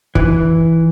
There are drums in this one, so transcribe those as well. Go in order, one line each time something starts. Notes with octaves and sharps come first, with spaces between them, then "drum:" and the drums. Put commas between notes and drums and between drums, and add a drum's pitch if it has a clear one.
E3, drum: kick